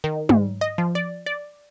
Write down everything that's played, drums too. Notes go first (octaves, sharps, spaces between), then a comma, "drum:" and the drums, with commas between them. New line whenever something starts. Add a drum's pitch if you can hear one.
D#3
G#2, drum: tom
D#5
F3
D5
D5